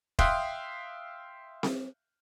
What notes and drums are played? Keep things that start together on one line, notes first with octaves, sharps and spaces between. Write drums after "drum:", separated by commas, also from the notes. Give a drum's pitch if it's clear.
E5 F5 G5 C6 D#6 F#6, drum: kick E1
drum: snare C4